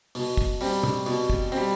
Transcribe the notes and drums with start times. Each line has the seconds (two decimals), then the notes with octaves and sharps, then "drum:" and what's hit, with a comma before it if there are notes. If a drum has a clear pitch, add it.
0.15 B2, drum: open hi-hat
0.37 drum: kick
0.61 G3 C4, drum: open hi-hat
0.83 drum: tom
1.06 B2, drum: open hi-hat
1.30 drum: kick
1.52 C4, drum: open hi-hat
1.57 G3